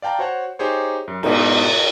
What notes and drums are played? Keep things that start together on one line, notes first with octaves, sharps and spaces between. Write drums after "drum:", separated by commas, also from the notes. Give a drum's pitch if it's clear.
D5 F5 G5 A5 A#5
F#4 C5 C#5 F#5
D#4 G4 G#4 C5 C#5
F#2
G#2 B2 D#4 A#5, drum: cymbal
C#5